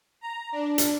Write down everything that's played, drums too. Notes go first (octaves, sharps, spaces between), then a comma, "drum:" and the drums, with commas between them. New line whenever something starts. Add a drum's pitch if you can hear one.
A#5
D4
drum: hi-hat